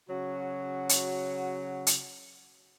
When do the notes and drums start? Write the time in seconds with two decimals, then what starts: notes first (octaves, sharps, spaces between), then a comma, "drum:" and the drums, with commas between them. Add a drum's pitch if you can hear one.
0.09 C#3 F#3 F#4
0.89 drum: hi-hat
1.87 drum: hi-hat